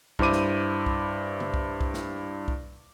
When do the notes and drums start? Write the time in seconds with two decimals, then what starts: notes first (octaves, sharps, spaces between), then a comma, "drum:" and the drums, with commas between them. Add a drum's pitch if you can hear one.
0.19 G2 E4 C5 D6 D#7, drum: kick
0.33 drum: snare
0.86 drum: kick
1.40 drum: tom C#3
1.54 drum: kick
1.81 drum: kick
1.94 drum: snare
2.48 drum: kick